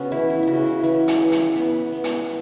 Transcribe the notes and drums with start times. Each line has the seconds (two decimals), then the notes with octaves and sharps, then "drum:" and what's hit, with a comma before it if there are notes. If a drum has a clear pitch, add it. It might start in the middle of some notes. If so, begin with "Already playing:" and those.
Already playing: C#3 B3 C#4 F#4
0.12 E3 E4
0.30 E4
0.43 C#3 E4 F#4
0.65 E4
0.83 E3 C#4
1.08 drum: hi-hat
1.20 E3
1.32 drum: hi-hat
1.56 B3 E4
1.92 B3
2.04 drum: hi-hat